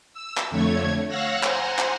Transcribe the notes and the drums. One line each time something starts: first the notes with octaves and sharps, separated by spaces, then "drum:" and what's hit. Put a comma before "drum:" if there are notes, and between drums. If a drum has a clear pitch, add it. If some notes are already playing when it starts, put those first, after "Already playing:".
E6
drum: clap
F2 D3 A3 C#5 G#6
C#5 F5 F#5 E6 F#6 A#6
C5 F#5 G#5 A#5 C6, drum: clap
drum: clap